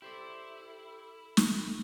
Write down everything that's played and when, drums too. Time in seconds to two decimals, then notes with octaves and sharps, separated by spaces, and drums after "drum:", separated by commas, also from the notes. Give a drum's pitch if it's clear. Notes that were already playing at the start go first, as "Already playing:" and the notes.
0.02 E4 G4 A4 C5 D5
1.37 drum: snare